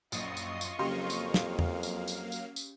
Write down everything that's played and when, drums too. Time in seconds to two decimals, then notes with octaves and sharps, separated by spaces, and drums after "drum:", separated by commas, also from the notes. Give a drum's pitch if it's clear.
0.12 A#1 F#2 F4 D#5 C#6 D#6 C7, drum: tambourine
0.37 drum: tambourine
0.61 drum: tambourine
0.79 F2 C#3 F#3 A#3 G4 F5 C6
1.10 drum: tambourine
1.34 drum: snare
1.59 drum: tom E2
1.83 drum: tambourine
2.08 drum: tambourine
2.32 drum: tambourine
2.56 drum: tambourine